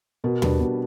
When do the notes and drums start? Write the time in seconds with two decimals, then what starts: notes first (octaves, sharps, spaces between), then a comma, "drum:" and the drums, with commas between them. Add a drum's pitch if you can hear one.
0.24 B2 A#4
0.42 G3 B3 D4, drum: tom D#2
0.60 B2